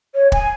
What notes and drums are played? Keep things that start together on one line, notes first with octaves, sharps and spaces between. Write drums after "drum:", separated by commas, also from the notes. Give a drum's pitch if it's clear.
C#5
G#5, drum: kick